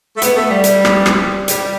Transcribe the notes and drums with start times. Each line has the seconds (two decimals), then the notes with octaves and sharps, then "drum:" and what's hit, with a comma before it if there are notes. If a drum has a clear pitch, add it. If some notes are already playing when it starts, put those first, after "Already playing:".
0.17 A3
0.22 B3, drum: hi-hat
0.35 A3
0.50 G3
0.64 drum: hi-hat
0.85 drum: rim click
1.06 drum: rim click
1.48 G3, drum: hi-hat